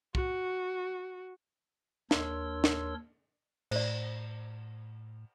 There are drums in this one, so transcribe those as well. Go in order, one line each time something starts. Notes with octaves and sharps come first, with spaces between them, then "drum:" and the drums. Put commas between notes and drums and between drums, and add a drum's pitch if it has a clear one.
F#4, drum: kick
D#2 D4 A#4 C#5 C6 E6, drum: snare
drum: snare
A2 C5 D5, drum: cymbal